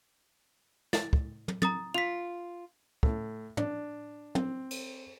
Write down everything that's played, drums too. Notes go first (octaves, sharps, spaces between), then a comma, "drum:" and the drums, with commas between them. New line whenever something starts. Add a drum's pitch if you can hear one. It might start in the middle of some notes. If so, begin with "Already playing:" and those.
A6, drum: snare
drum: kick
drum: tom
A#5 D#6 A6, drum: tom
F4 B6 F7
A2, drum: kick
D4, drum: tom
C4, drum: tom
drum: cymbal